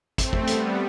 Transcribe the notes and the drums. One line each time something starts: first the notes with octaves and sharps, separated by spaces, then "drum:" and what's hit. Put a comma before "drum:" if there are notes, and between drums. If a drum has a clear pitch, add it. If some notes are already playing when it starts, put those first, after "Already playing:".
A3 C4, drum: kick, hi-hat
drum: kick
G3 B3, drum: hi-hat